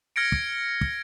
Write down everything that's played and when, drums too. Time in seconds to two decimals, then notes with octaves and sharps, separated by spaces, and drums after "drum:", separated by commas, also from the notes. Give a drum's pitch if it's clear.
0.16 F6 G#6 A#6 C#7 D7
0.32 drum: kick
0.81 drum: kick